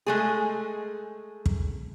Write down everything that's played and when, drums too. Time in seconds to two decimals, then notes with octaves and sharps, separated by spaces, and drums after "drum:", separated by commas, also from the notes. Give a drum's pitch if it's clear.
0.06 G#3 A3 G#4
1.46 drum: kick